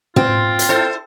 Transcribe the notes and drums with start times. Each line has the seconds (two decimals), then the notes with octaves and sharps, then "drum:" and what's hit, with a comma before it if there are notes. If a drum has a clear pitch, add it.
0.16 C4 F4, drum: tom
0.59 drum: hi-hat
0.69 E4 A4 C5